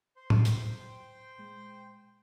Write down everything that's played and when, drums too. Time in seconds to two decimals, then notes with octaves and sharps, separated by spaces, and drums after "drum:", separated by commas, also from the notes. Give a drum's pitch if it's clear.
0.16 C5 C6
0.30 drum: tom A2
0.45 G5, drum: hi-hat
1.38 A#2 G#3